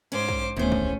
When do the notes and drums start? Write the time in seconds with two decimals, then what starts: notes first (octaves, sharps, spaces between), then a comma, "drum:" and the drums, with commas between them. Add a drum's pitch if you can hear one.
0.12 G#2 C#4 C5 D6
0.29 drum: kick
0.57 D1 E2 D#3 A3 C#4 C5
0.72 drum: kick